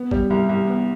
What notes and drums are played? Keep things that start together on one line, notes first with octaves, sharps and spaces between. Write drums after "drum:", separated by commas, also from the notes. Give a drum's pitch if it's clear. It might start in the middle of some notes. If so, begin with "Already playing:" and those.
Already playing: B3
G3, drum: kick
C2
C2
B3